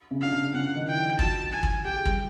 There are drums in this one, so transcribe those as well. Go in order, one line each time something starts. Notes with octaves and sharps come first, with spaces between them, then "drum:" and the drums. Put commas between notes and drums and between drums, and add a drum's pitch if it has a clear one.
C#3 C#4
D4 F5
C#3 C#4
C#3 C#4 F#5
D#3 D#4
E4 G5
F3 F4
F#3 F#4 A5, drum: kick
G#5
drum: kick
G4 G5
G#4
G3 G4, drum: kick